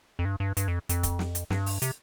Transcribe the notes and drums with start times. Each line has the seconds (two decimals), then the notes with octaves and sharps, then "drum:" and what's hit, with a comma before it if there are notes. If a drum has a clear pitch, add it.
0.19 F2
0.25 G2
0.40 G2
0.57 G2, drum: hi-hat
0.68 F2
0.89 F2, drum: hi-hat
1.03 drum: kick, hi-hat
1.19 drum: snare
1.35 drum: hi-hat
1.50 G2, drum: snare
1.66 drum: open hi-hat
1.82 C3, drum: hi-hat